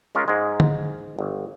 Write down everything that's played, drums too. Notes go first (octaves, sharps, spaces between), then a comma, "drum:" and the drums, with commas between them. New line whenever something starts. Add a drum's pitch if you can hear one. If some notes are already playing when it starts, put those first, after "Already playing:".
G#3 C#4 F4 A#4
G#2 G#3
drum: tom D3
G1